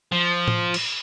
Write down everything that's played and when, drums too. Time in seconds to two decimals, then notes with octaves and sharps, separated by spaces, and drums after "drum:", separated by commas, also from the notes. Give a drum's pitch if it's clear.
0.12 F3
0.48 drum: tom A2
0.74 drum: cymbal